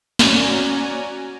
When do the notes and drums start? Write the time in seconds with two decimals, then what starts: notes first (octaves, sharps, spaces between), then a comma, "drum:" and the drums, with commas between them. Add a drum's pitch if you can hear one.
0.19 C#4 F#4 D5 G#5 A#5, drum: snare